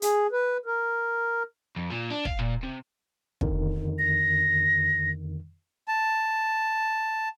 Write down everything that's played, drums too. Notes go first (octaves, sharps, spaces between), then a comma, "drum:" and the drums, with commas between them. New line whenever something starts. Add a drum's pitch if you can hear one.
G#4, drum: hi-hat
B4
A#4
F2
A#2
D4
F5, drum: kick
A#2
C3
F2 D3 D#3, drum: kick
A#6
A5